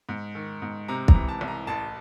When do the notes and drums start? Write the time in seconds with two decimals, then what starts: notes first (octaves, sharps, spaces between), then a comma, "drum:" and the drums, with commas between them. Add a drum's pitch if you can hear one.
0.09 G#2
0.35 D#3
0.62 G#2
0.88 C3 A#5
1.08 A#5, drum: kick
1.14 E3
1.29 A5
1.41 C2
1.48 A#5
1.67 A1 A5